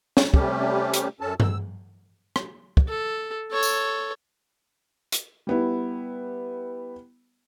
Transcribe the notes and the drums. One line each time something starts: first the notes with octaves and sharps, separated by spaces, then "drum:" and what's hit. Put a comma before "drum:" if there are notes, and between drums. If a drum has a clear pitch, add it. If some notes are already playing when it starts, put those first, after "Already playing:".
drum: snare
C3 G3 A3 C#4 G4, drum: kick
drum: hi-hat
F#2 C#4 A4 A5
E6, drum: tom G2
drum: rim click
drum: kick
A4
A4 C#5
drum: tambourine
drum: hi-hat
G3 B3 E4